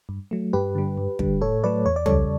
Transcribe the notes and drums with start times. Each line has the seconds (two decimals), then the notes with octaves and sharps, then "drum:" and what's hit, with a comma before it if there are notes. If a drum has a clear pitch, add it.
0.09 G2
0.31 F#3 A3
0.53 G2 G4 B4
0.75 D3 G3
0.97 G2
1.19 D3 G3, drum: kick
1.41 A2 A4 C#5
1.64 F#3 A3 B4 D5
1.86 E2 C#5
1.96 D5
2.06 C#3 G3 A4 C#5, drum: tom